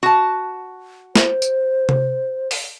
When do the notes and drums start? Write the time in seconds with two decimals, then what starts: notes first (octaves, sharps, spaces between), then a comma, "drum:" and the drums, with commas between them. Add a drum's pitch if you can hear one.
0.03 F#4 A5
1.16 C5, drum: snare
1.42 drum: tambourine
1.89 drum: tom C3
2.51 drum: open hi-hat